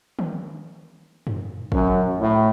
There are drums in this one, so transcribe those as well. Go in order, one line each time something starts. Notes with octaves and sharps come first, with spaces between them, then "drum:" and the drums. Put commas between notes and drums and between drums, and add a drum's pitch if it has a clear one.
drum: tom D#3
drum: tom F#2
F#2, drum: kick
A2